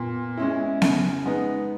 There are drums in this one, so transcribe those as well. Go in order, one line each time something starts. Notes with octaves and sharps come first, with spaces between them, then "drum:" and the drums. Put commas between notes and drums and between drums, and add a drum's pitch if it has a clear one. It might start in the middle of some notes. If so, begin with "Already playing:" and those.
Already playing: A#2 B3
G#3 C#4 E4
C#3, drum: snare B3
G#3 B3 D#4